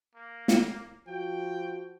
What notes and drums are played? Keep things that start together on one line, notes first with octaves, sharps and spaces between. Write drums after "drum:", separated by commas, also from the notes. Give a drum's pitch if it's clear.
A#3
drum: snare
F3 F#4 G5